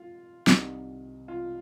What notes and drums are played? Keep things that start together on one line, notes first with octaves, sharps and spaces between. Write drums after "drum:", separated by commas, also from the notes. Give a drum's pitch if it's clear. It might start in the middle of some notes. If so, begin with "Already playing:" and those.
Already playing: F4
C2 C3 D#3, drum: snare
F4